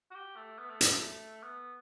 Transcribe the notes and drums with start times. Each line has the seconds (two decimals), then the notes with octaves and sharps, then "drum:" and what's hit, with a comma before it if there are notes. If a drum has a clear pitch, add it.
0.11 F#4
0.15 G4
0.36 A3
0.58 B3
0.69 A3
0.81 G3, drum: hi-hat
0.92 A3
1.43 B3